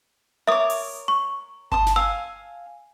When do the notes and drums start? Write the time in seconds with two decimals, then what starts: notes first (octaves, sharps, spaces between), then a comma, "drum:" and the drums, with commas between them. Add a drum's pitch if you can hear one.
0.47 A#4 C#5 E5 D6 D#6
0.70 drum: open hi-hat
1.08 C#6
1.72 A5 C6 D#6, drum: kick G1
1.86 drum: snare
1.96 F5 G#5 E6